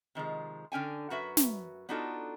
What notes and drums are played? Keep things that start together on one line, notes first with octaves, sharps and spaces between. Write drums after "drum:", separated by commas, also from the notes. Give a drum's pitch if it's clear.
C3 D#3 F3 G#3
D3 C#4 G5 G#5
F#2 F#4 B4 E5
drum: snare
B3 D4 D#4 F4 F#4 A4